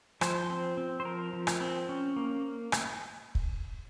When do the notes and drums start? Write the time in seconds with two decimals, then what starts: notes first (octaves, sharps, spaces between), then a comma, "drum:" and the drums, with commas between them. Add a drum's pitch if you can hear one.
0.21 F3 C5, drum: rim click
0.50 C4
0.77 C4
1.00 C5
1.05 F3 A#4
1.33 F3
1.47 drum: rim click
1.61 C4
1.89 C#4
2.16 A#3
2.72 drum: rim click
3.35 drum: kick